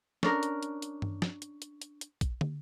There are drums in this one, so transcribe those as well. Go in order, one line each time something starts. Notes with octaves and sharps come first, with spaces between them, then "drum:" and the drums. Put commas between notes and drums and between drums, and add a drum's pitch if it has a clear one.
C#4 D4 A#4, drum: snare
drum: hi-hat
drum: hi-hat
drum: hi-hat
drum: tom G2
drum: snare
drum: hi-hat
drum: hi-hat
drum: hi-hat
drum: hi-hat
drum: kick A#1, hi-hat
drum: tom